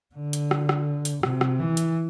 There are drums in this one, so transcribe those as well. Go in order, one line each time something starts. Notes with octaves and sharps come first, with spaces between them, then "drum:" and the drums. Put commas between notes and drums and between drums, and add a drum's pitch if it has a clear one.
D3
drum: hi-hat
drum: rim click
drum: rim click
drum: hi-hat
C3, drum: rim click
drum: rim click
E3
drum: hi-hat